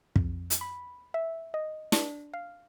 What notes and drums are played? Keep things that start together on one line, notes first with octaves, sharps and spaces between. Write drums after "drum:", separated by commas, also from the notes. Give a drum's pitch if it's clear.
F2, drum: kick
drum: hi-hat
B5
E5
D#5
D4, drum: snare
F5